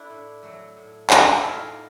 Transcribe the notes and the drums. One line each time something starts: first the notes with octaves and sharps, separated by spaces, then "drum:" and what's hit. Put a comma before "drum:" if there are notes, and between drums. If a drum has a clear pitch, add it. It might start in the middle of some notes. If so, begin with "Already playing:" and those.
Already playing: A3 D4 E4
A2
F#3 A3
A2
F#3 A3, drum: clap
E4
A2 D#4 F4